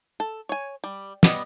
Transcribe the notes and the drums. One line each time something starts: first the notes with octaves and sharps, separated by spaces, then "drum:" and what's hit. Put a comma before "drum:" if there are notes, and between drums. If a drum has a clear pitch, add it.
A4
C#5 G#5
G3
G3 B3 D#5, drum: snare